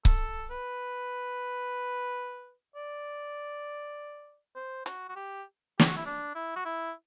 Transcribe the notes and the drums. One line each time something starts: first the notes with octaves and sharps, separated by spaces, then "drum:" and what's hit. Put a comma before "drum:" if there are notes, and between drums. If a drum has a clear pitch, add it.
A4, drum: kick C#1
B4
D5
C5
F#4, drum: hi-hat
F#4
G4
G4, drum: snare
F#4
E4
D4
E4
F#4
E4